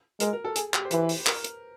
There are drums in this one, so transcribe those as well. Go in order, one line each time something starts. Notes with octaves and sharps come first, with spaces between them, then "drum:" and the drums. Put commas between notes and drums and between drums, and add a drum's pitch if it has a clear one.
G#3 A#4, drum: hi-hat
A#4
A4
G#4, drum: hi-hat
G4, drum: clap
C5
E3 B4, drum: hi-hat
drum: open hi-hat
A#4, drum: clap
drum: hi-hat